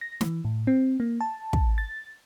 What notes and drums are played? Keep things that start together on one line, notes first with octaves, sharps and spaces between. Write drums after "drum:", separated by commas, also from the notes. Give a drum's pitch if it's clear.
A#6
E3, drum: snare
A2
C4
A#3
A5
drum: kick
A6